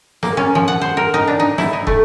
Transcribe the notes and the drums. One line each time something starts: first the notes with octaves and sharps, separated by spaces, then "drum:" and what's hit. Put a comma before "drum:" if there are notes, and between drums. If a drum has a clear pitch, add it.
A#3, drum: snare
C#4
F3
F#5
C5
A#4
D#4
D4
D#4
E4, drum: snare
D#4
A3, drum: kick